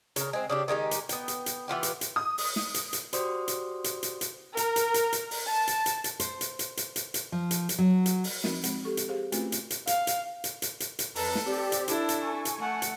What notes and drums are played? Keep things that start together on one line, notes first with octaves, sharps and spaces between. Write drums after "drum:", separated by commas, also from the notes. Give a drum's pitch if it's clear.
C#3 A#4, drum: hi-hat
G#3 C4
C#3 D4 G4
D#3 G#3 D#4 G4
drum: hi-hat
B3 G5, drum: hi-hat
drum: hi-hat
drum: hi-hat
E3 B3 F4 G4
drum: hi-hat
drum: hi-hat
D#6
drum: open hi-hat
drum: snare
drum: hi-hat
drum: hi-hat
F#4 G4 C5 D5 C6 D#6, drum: hi-hat
drum: hi-hat
drum: hi-hat
drum: hi-hat
drum: hi-hat
A#4, drum: hi-hat
drum: hi-hat
drum: hi-hat
drum: hi-hat
drum: open hi-hat
A5
drum: hi-hat
drum: hi-hat
drum: hi-hat
C5, drum: hi-hat
drum: hi-hat
drum: hi-hat
drum: hi-hat
drum: hi-hat
drum: hi-hat
F3
drum: hi-hat
drum: hi-hat
F#3
drum: hi-hat
drum: open hi-hat
F3 C4 D#4 F#4 A#4, drum: snare
G#3 C4, drum: hi-hat
G4 A4 C#6
drum: hi-hat
G4 G#4 C5 F5
A3 C4 C#4 F4 F#4 B4, drum: hi-hat
drum: hi-hat
drum: hi-hat
F5, drum: hi-hat
drum: hi-hat
drum: hi-hat
drum: hi-hat
drum: hi-hat
drum: hi-hat
F2 A4 B4 A#5, drum: open hi-hat
drum: snare
C4 G4 D5
drum: hi-hat
D4 E4 A4, drum: hi-hat
drum: hi-hat
G#5 C#6
drum: hi-hat
A3 F#5
drum: hi-hat